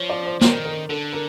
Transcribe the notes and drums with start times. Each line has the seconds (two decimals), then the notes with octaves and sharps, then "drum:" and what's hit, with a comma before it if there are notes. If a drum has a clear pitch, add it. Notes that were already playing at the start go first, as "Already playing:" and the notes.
Already playing: F3 C#5
0.10 D5
0.26 C5
0.41 D#3 A#4, drum: snare
0.65 A#4
0.89 D3 A4
1.13 A#4